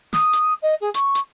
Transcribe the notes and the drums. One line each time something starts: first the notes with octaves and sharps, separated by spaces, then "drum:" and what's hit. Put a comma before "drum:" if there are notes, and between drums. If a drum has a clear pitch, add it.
D#6, drum: snare
drum: hi-hat
D#5
G#4
C#6, drum: hi-hat
drum: hi-hat